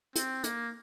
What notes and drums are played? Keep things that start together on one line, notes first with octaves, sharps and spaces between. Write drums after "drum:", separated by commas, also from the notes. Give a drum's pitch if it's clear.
C4, drum: hi-hat
A#3, drum: hi-hat